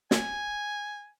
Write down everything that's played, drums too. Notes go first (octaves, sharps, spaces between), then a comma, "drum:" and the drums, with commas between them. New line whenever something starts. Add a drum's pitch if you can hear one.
G#5, drum: snare